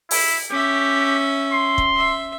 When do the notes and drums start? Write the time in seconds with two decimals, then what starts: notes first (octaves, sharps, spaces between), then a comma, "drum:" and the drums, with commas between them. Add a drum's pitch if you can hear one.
0.11 E4, drum: open hi-hat
0.50 C#4 G4 E5
1.52 C6
1.78 drum: kick
1.96 E5